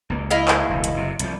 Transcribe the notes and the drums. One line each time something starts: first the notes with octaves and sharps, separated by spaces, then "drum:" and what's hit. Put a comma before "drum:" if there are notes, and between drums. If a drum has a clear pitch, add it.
C#2 A#3
E4 D#5 F5
drum: clap
E1 C#2 A2
drum: hi-hat
F#1 C3
C2 F3, drum: hi-hat